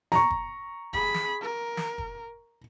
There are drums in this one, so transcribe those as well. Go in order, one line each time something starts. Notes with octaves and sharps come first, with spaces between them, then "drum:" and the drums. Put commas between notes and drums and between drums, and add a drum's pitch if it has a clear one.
A#5 C#6, drum: snare
drum: kick
G#4 B5, drum: kick
drum: snare
A#4
drum: snare
drum: kick